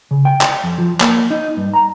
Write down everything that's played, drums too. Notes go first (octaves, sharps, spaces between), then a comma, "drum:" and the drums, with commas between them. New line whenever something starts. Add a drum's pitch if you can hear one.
C#3
G5
drum: clap
F2
F3
A#3, drum: clap
D#4
G2
A#5